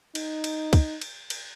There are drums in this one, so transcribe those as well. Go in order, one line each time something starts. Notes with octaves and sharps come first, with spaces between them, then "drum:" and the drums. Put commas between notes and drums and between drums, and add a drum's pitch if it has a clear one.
D#4, drum: cymbal
drum: cymbal
drum: kick, cymbal
drum: cymbal
drum: cymbal